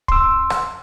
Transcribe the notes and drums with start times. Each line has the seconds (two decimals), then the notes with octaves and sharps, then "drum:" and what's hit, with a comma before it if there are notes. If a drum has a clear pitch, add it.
0.08 C6 E6, drum: kick
0.50 drum: rim click